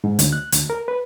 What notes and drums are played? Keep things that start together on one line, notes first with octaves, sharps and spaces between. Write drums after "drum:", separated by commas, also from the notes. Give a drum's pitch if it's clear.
G#2
D2, drum: hi-hat
F#6
D2, drum: hi-hat
A#4
B4